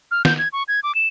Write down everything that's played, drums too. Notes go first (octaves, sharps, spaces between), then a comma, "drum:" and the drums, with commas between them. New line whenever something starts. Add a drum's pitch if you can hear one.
F6
G6, drum: snare
G#6
C#6
G#6
D6
E7